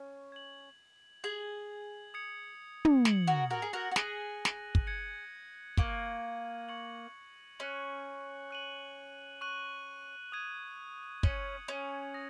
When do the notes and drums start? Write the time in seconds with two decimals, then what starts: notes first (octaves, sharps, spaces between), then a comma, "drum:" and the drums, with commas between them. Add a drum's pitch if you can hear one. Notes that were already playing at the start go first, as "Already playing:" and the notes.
Already playing: C#4
0.32 G#6 F#7
1.24 G#4 G#6 F#7
2.14 D#6 G#6 C#7
2.85 drum: tom
3.05 G#6 C#7 F#7, drum: snare
3.27 F#4 A#4
3.51 F#4 A#4
3.62 G#4
3.73 F#4 A#4
3.91 F#4
3.96 G#4 F#6 A#6 D#7 F#7, drum: snare
4.45 drum: snare
4.75 drum: kick
4.87 G#6 C#7 F#7
5.77 A#3 C#6 G#6 D#7 F#7, drum: kick
6.69 C#6 G#6 C#7 F#7
7.59 C#4 F#6 C#7 F#7
8.51 F#6 D#7 F#7
9.41 C#6 F#6 D#7 F#7
10.32 D#6 G#6 D#7
11.23 C#4 G#6 C#7 F#7, drum: kick
11.68 C#4
12.14 D#6 A#6